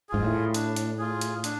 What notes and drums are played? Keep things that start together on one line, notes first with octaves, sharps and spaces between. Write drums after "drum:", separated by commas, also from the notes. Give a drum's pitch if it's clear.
G#2 F4 G#4
A2
D4, drum: hi-hat
drum: hi-hat
F4 G#4
drum: hi-hat
D4, drum: hi-hat